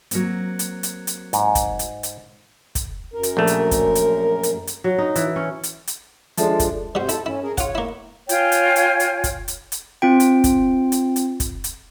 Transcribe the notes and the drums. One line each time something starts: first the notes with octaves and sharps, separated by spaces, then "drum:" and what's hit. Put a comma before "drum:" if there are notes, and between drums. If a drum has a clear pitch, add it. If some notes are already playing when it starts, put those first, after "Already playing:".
F#3 A#3 C4, drum: hi-hat
drum: hi-hat
drum: hi-hat
drum: hi-hat
G#2, drum: hi-hat
drum: kick, hi-hat
drum: hi-hat
drum: hi-hat
drum: kick, hi-hat
F#2 A#4
drum: hi-hat
A#1 A3
drum: hi-hat
drum: kick, hi-hat
drum: hi-hat
drum: hi-hat
drum: hi-hat
F#3
D#4
E3, drum: hi-hat
C#4
drum: hi-hat
drum: hi-hat
F3 G#3 D4 A4 E5 A5, drum: hi-hat
drum: kick, hi-hat
C3 G3 F#4 C5
E4 A4, drum: hi-hat
C#4 E4
G#4 A#4
F4 C#5 F#5, drum: kick, hi-hat
A#3 E4
F4 C#5 G5 G#5, drum: hi-hat
drum: hi-hat
drum: hi-hat
drum: hi-hat
drum: kick, hi-hat
drum: hi-hat
drum: hi-hat
C4 F4 G5
drum: hi-hat
drum: kick, hi-hat
drum: hi-hat
drum: hi-hat
drum: kick, hi-hat
drum: hi-hat